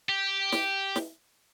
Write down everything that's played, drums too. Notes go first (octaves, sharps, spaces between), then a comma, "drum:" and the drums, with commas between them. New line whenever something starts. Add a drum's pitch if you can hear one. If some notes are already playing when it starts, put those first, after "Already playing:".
G4
drum: snare
drum: snare